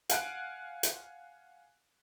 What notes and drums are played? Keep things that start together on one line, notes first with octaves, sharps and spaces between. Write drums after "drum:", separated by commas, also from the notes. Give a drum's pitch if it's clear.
F5 F#5 G#5 F#6 D7, drum: hi-hat
drum: hi-hat